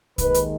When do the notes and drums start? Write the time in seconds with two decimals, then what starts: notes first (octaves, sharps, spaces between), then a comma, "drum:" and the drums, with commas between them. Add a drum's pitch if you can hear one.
0.18 D#2 D#3 G#3 B4, drum: kick, hi-hat
0.34 drum: hi-hat